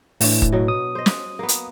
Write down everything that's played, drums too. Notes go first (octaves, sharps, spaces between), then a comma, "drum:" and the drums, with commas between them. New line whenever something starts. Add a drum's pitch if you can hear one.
A2 E3 D4, drum: open hi-hat
drum: kick
B2 F#3
D#6
C5 D#5
drum: snare
A#3 B3
drum: hi-hat